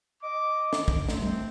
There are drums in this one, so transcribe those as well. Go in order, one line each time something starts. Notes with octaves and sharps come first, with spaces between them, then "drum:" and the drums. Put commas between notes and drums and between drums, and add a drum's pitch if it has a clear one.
D#5 D6
drum: snare
drum: kick
A3 C4, drum: snare
drum: tom